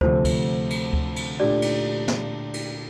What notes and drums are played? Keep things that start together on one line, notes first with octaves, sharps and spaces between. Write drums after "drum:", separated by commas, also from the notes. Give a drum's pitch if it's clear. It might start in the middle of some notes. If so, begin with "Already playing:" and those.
D2 C3 F3 A3 C5, drum: kick D2
drum: kick D2, cymbal
drum: cymbal
drum: kick D2
drum: cymbal
A#2 A3 D4 G4 D5
drum: cymbal
drum: snare
drum: cymbal